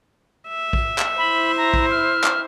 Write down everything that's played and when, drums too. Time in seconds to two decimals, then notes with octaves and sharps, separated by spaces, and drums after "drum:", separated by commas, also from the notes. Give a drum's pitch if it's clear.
0.48 E5
0.73 drum: kick A#1
0.98 drum: clap
1.18 E4 C5 B5
1.57 A#5
1.74 drum: kick A#1
1.91 F6
2.24 drum: clap